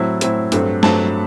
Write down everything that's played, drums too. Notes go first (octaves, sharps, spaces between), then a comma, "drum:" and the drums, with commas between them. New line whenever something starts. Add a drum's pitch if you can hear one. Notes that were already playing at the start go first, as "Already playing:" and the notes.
Already playing: A2 F#3 C4 E4
A2 F#3 C4 E4, drum: hi-hat
G2 F#3 A3 C4, drum: hi-hat
G2 F#3 A3 C4 A5, drum: snare